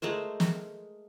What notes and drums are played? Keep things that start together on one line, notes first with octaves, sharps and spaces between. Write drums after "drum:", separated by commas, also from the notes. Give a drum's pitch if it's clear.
G#3 A3 A#4 C5
drum: snare